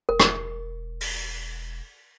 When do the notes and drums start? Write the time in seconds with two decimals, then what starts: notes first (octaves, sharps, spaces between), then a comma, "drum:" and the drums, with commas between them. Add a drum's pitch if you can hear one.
0.09 E1 A#4
0.20 drum: rim click
1.01 drum: open hi-hat